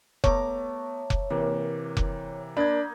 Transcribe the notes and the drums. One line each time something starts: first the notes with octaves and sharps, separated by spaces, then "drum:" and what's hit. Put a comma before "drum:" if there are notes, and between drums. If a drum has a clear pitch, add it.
A3 B3 C#5 A#5 D6, drum: kick F1
drum: kick F1
C3 E3 A#3
drum: kick F1
A#3 D4 D#4 B5 G#6